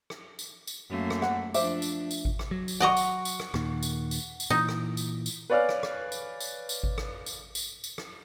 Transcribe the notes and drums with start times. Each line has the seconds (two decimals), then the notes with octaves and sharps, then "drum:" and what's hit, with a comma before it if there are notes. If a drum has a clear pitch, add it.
0.10 drum: rim click
0.39 drum: tambourine
0.67 drum: tambourine
0.89 F#2 A3 A#3
1.10 drum: rim click
1.22 F#5, drum: rim click
1.54 F3 D4 C5 E5 D6, drum: tambourine
1.82 drum: tambourine
2.11 drum: tambourine
2.25 drum: kick G#1
2.39 drum: rim click
2.51 F#3
2.68 drum: tambourine
2.80 D5 D#5 F#5 A#5 C#6
2.97 drum: tambourine
3.25 drum: tambourine
3.40 drum: rim click
3.54 D#2 A#2 D#3, drum: rim click
3.83 drum: tambourine
4.11 drum: tambourine
4.40 drum: tambourine
4.50 A#2 E3 D#4
4.69 drum: rim click
4.97 drum: tambourine
5.26 drum: tambourine
5.50 B4 C#5 D5 F5 G#5 F6
5.69 drum: rim click
5.83 drum: rim click
6.12 drum: tambourine
6.40 drum: tambourine
6.69 drum: tambourine
6.83 drum: kick G#1
6.98 drum: rim click
7.26 drum: tambourine
7.55 drum: tambourine
7.84 drum: tambourine
7.98 drum: rim click